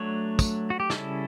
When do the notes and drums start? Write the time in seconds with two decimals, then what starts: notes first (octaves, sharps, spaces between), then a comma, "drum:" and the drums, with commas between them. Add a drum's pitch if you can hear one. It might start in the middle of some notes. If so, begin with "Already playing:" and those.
Already playing: F#3 A3 D4 C#5
0.39 drum: kick, tambourine
0.70 F#4
0.80 G4
0.90 C#3 G3 C#4 E4 A4, drum: snare